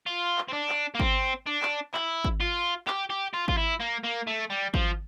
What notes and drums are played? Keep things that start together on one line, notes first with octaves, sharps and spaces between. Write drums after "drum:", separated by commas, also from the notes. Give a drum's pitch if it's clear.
F4
drum: clap
C4
D4
drum: clap
A#3
C4, drum: kick G#1
D4
drum: clap
E4, drum: clap
drum: kick G#1
F4
G4, drum: clap
G4
F4
F4, drum: kick G#1
E4
A#3
A#3
A3
G3
F3, drum: kick G#1